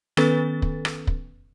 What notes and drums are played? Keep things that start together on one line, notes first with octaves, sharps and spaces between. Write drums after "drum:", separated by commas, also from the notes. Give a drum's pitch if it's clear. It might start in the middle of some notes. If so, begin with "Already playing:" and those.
D#3 B3 C#4 A4 B4 A6, drum: rim click
drum: kick
drum: rim click
drum: kick